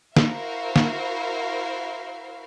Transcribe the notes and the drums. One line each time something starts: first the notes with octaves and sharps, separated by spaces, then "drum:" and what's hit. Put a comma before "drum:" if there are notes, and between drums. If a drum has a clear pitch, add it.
E4 F#4 A#4 C5 E5 F5, drum: snare
drum: snare